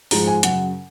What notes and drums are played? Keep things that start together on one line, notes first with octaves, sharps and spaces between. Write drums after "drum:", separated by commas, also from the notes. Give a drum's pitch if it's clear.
G#2 F3 G#3 A#5, drum: open hi-hat
G#5
F#2 C#3 F#3 F#5, drum: hi-hat